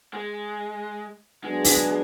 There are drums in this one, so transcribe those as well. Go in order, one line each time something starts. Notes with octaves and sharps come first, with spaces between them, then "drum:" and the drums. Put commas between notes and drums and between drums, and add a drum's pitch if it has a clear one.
G#3
F#3 G#3 B3 D4 G#4 B4
drum: open hi-hat